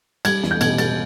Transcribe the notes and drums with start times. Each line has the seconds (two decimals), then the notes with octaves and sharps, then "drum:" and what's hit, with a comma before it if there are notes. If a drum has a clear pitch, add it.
0.25 G3 G#6, drum: cymbal
0.43 E2, drum: snare
0.51 G6
0.61 B2 G#6, drum: cymbal
0.78 B2 A6, drum: cymbal